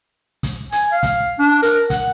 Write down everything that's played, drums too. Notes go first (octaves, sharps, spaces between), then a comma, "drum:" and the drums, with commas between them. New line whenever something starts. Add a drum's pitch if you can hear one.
drum: kick, hi-hat
G#5, drum: hi-hat
F5
drum: kick, hi-hat
D4
A#4, drum: hi-hat
F#5, drum: kick, hi-hat